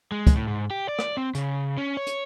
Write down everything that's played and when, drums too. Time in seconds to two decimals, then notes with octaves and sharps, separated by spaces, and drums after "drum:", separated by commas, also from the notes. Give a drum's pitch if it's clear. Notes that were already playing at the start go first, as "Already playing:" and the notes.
0.12 G#3
0.27 drum: kick, hi-hat
0.36 A2
0.48 G#2
0.71 G4
0.89 D5
0.99 drum: rim click
1.17 C4
1.35 C#3, drum: hi-hat
1.78 C#4
1.97 C#5
2.07 drum: hi-hat